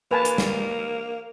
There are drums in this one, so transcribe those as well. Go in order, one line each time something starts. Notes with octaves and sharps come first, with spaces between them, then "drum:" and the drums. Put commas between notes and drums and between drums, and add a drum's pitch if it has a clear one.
A#3 B4 G#5 A5
drum: hi-hat
drum: snare